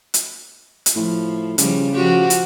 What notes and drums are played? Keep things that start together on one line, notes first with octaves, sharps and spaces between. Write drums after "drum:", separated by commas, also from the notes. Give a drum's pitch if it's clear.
drum: hi-hat
drum: hi-hat
A2 F3
C#3 F3 G3, drum: hi-hat
F3 F#4 G4
drum: hi-hat